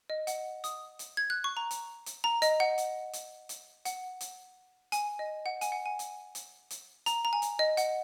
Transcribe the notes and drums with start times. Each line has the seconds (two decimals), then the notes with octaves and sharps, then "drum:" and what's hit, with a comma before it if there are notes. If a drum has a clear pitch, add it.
0.10 D#5
0.27 F#5, drum: hi-hat
0.64 D#6, drum: hi-hat
0.99 drum: hi-hat
1.17 G#6
1.30 F#6
1.44 C#6
1.57 A#5
1.71 drum: hi-hat
2.06 drum: hi-hat
2.24 A#5
2.42 D#5, drum: hi-hat
2.60 F#5
2.78 drum: hi-hat
3.13 drum: hi-hat
3.49 drum: hi-hat
3.85 F#5, drum: hi-hat
4.21 drum: hi-hat
4.92 G#5, drum: hi-hat
5.19 D#5
5.46 F#5
5.61 G#5, drum: hi-hat
5.72 F#5
5.86 G#5
5.99 drum: hi-hat
6.35 drum: hi-hat
6.71 drum: hi-hat
7.06 A#5, drum: hi-hat
7.25 A#5
7.33 G#5
7.42 drum: hi-hat
7.59 D#5
7.77 F#5, drum: hi-hat